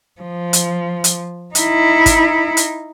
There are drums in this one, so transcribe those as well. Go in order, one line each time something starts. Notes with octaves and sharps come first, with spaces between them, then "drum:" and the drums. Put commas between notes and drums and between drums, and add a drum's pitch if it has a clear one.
F3
drum: hi-hat
drum: hi-hat
D#4 E4, drum: hi-hat
drum: kick G#1, hi-hat
drum: hi-hat